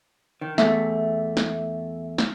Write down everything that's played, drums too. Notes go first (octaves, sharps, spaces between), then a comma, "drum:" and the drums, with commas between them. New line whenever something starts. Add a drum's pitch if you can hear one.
D#3
E2 A3 E5, drum: snare
drum: snare
drum: snare